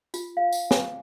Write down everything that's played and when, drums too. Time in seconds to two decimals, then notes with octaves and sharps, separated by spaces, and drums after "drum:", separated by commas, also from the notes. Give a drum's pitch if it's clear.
0.14 F4, drum: tambourine
0.37 F5
0.53 drum: tambourine
0.71 G#5, drum: snare